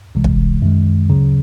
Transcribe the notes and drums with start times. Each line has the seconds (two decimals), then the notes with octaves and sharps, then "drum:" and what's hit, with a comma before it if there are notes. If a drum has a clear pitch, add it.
0.15 C2 C3 E3 G#3
0.24 drum: kick
0.62 F#2 D#3 G#3
1.10 D2 C#3 F#3